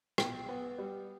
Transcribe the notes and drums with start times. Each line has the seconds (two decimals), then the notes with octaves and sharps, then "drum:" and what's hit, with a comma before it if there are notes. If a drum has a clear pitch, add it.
0.18 B1 G5, drum: rim click
0.49 B3
0.78 G3